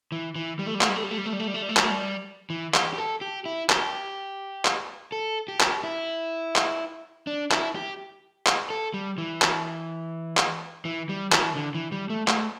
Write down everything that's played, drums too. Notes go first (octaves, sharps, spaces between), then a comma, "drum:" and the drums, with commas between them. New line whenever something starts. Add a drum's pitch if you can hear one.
E3
E3
G3
A3
G3
A3, drum: clap
G3
A3
G3
A3
G3
A3
G3
A3
G3
A3
G3
A3
G3, drum: clap
A3
G3
E3
G4, drum: clap
G4
A4
G4
E4
G4, drum: clap
drum: clap
A4
G4
drum: clap
E4
drum: clap
D4
E4, drum: clap
G4
drum: clap
A4
G3
E3
drum: clap
drum: clap
E3
G3
E3, drum: clap
D3
E3
G3
A3
A3, drum: clap